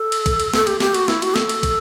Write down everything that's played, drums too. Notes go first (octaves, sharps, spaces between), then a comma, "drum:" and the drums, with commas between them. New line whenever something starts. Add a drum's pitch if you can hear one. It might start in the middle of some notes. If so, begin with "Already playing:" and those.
Already playing: A4
drum: cymbal
drum: kick, cymbal
drum: cymbal
A4, drum: snare
G4, drum: cymbal
G4, drum: snare
F#4, drum: cymbal
E4, drum: snare
F#4, drum: cymbal
A4, drum: snare
drum: cymbal
drum: kick, cymbal